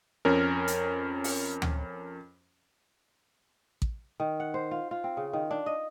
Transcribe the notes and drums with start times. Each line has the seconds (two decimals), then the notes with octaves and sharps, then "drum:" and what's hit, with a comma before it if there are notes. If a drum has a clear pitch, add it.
0.25 F2 C#4 A#4
0.68 drum: hi-hat
1.24 drum: open hi-hat
1.62 drum: tom D2
3.82 drum: kick A1
4.20 D#3
4.40 F#5
4.54 C5
4.71 F4
4.91 F4
5.04 C4
5.17 C#3
5.33 D#3
5.51 D4
5.66 D#5